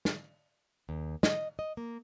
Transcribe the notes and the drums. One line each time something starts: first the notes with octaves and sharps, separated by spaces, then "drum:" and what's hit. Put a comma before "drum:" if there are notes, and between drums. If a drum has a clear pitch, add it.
drum: snare
D#2
D#5, drum: snare
D#5
A#3